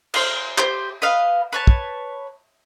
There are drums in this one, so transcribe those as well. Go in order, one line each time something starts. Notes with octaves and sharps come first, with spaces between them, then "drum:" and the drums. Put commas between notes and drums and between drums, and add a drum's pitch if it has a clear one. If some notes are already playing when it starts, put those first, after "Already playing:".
C5 F6, drum: cymbal
G4 C5, drum: clap
B4 D#5 F5
B4 C#5 A5
drum: kick